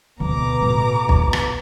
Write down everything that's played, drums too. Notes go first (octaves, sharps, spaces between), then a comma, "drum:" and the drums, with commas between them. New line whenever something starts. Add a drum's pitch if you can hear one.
D2 B2 D3 A#5 D6
A2
drum: kick
drum: rim click